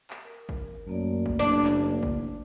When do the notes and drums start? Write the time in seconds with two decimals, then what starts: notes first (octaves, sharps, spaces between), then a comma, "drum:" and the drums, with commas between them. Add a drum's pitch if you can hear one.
0.10 drum: clap
0.24 A#4
0.49 drum: kick
0.87 F#2 A3 A#3 D5
1.26 drum: kick
1.39 F#1 D4
1.64 drum: clap
2.03 drum: kick